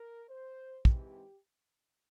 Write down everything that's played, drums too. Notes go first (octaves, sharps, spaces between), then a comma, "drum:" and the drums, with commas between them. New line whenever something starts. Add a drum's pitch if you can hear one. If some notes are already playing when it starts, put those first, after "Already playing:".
Already playing: A#4
C5
G#2 E3 G#3 C4 G4, drum: kick